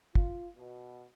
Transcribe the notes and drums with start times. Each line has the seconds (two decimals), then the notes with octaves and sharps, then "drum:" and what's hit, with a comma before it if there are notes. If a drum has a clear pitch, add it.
0.15 F4, drum: kick
0.57 B2